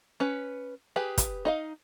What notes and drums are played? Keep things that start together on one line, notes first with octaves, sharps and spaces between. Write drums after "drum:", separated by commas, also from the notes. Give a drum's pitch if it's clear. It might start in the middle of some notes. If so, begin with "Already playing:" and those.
C#4 B4
G4 G#4 B4
drum: kick, hi-hat
D#4 D#5 F5